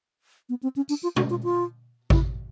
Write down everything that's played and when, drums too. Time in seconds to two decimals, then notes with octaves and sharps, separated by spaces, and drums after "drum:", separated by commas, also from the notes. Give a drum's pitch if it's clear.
0.49 B3
0.63 C4
0.76 C#4
0.89 D4, drum: tambourine
1.03 F4
1.16 F#4, drum: tom B2
1.30 F4
1.43 F4
2.10 E4, drum: kick A1